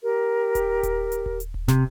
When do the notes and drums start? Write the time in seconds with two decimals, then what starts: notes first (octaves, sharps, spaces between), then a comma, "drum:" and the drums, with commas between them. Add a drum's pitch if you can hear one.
0.03 G4 A#4
0.55 drum: kick D#1, hi-hat
0.83 drum: kick D#1, hi-hat
1.12 drum: hi-hat
1.26 drum: kick D#1
1.40 drum: hi-hat
1.54 drum: kick D#1
1.68 C3, drum: snare